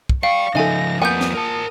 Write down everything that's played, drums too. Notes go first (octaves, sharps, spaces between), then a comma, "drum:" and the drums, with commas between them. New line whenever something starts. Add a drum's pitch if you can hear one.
drum: kick
D5 F5 G5 C#6
C#3 F3 D#4 A4 E5 G#5 A#6
F2 A#3 B3 F4 F#5 G#5 D#6 G6
drum: snare
A#4 A5